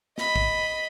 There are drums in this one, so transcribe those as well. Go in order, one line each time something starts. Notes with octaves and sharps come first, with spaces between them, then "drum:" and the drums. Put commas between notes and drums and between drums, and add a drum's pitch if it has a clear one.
D#5 B5, drum: snare
drum: kick